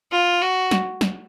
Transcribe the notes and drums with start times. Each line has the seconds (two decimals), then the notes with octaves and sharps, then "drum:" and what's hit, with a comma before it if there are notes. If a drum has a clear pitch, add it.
0.12 F4
0.42 F#4
0.71 drum: snare
1.01 drum: snare